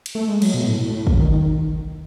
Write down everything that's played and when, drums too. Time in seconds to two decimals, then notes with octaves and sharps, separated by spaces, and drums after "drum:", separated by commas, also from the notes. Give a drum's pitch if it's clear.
0.06 drum: cymbal
0.15 A3
0.28 G#3
0.42 F#3, drum: cymbal
0.54 B2
0.67 A2
0.85 A2
1.07 drum: kick
1.19 D#3